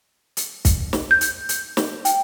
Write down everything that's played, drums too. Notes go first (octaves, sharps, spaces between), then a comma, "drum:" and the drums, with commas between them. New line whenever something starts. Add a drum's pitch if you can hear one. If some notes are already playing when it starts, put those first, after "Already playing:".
drum: hi-hat
drum: kick, hi-hat
drum: snare
G6
drum: hi-hat
drum: hi-hat
drum: snare
G5, drum: hi-hat